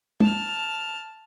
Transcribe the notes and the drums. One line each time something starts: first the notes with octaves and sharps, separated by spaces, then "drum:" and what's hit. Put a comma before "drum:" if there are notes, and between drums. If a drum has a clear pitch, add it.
A5 F6, drum: tom